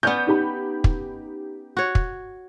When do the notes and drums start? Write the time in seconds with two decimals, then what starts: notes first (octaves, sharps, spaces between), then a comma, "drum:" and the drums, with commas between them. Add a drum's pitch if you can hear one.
0.03 B3 C#4 D5 G6
0.27 D#4 G4 B5
0.84 drum: kick
1.77 F#4 C#5
1.95 drum: kick